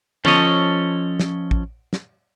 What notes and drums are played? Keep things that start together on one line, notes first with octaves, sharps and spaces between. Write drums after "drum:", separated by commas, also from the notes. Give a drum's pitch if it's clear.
F3 C#4 A4 C#5 D#5, drum: tom
drum: snare
drum: kick
drum: snare